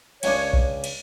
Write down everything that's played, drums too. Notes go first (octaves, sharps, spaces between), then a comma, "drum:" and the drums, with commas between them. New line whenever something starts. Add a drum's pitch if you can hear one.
C#2 C#3 G#3 D4 C#5, drum: cymbal
drum: kick
drum: cymbal